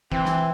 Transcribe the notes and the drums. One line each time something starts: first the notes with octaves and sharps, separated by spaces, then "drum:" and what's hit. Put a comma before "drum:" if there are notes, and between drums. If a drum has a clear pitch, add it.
E3 C4, drum: kick
drum: snare